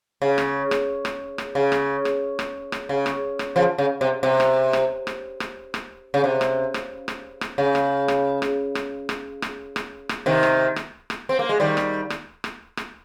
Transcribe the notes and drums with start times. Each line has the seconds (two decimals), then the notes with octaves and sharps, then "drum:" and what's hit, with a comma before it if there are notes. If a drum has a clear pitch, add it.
0.22 C#3
0.38 drum: rim click
0.71 drum: rim click
1.05 drum: rim click
1.38 drum: rim click
1.55 C#3
1.72 drum: rim click
2.05 drum: rim click
2.39 drum: rim click
2.72 drum: rim click
2.89 C#3
3.06 drum: rim click
3.39 drum: rim click
3.56 C#3 F3
3.78 C#3
4.01 C3
4.23 C3
4.40 drum: rim click
4.73 drum: rim click
5.07 drum: rim click
5.40 drum: rim click
5.74 drum: rim click
6.14 C#3
6.24 C3
6.41 drum: rim click
6.74 drum: rim click
7.08 drum: rim click
7.41 drum: rim click
7.58 C#3
7.75 drum: rim click
8.08 drum: rim click
8.42 drum: rim click
8.75 drum: rim click
9.09 drum: rim click
9.42 drum: rim click
9.76 drum: rim click
10.09 drum: rim click
10.26 C3 D#3
10.43 drum: rim click
10.76 drum: rim click
11.10 drum: rim click
11.29 C4
11.39 A#3
11.49 G#3
11.60 D#3 G3
11.77 drum: rim click
12.10 drum: rim click
12.44 drum: rim click
12.77 drum: rim click